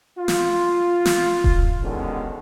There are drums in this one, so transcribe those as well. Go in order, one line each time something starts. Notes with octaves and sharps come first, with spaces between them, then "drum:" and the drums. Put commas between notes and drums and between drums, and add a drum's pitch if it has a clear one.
F4
drum: snare
drum: snare
drum: kick D#1
E2 B2 D3 D#3 G#3 C#4